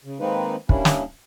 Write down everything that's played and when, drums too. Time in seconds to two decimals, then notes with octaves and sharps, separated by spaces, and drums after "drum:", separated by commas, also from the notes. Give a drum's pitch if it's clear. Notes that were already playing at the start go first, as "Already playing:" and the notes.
0.05 C#3
0.20 D#3 G#3 A#3 C4 D#4 B4
0.69 G3 A#3 C#4 D4 E4, drum: kick
0.85 drum: snare